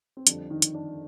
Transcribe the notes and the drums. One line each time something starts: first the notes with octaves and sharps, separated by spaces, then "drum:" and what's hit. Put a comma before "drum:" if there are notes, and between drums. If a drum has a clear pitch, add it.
C4
F2 D3 G3 D4, drum: hi-hat
D#3 D#4
drum: hi-hat
D4